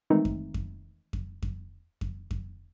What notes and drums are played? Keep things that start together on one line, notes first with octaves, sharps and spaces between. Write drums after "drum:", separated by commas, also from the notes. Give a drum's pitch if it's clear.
D#3 E3 G#3 A3 C4 D#4
drum: kick F2
drum: kick F2
drum: kick F2
drum: kick F2
drum: kick F2
drum: kick F2